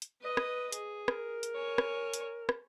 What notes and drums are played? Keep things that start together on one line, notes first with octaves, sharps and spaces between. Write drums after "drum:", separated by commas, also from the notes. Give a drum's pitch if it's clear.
drum: hi-hat
B4 D#5
drum: rim click
G#4, drum: hi-hat
A#4, drum: rim click
drum: hi-hat
C#5 G#5
drum: rim click
drum: hi-hat
drum: rim click